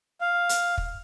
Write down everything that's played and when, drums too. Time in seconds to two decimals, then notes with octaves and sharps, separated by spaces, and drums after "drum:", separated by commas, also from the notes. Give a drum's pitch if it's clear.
0.21 F5
0.49 drum: hi-hat
0.78 drum: kick